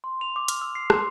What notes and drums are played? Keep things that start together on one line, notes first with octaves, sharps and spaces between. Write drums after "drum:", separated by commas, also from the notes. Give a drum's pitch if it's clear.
C6
F7
D6
F6, drum: hi-hat
E6
C7
C6, drum: rim click